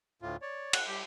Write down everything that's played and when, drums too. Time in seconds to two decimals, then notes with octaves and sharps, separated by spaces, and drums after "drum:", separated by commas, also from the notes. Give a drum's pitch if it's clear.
0.22 D2 A2 F4
0.42 C#5 D5
0.73 F#5, drum: cymbal
0.88 G3 G4